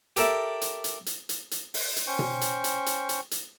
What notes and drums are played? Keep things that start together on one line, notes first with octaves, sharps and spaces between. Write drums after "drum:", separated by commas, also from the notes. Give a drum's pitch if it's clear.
G4 A4 A#4 D5 E5, drum: hi-hat
drum: hi-hat
drum: hi-hat
drum: hi-hat
drum: hi-hat
drum: hi-hat
drum: open hi-hat
drum: hi-hat
C#4 C5 G5 C#6
drum: tom B2
drum: hi-hat
drum: hi-hat
drum: hi-hat
drum: hi-hat
drum: hi-hat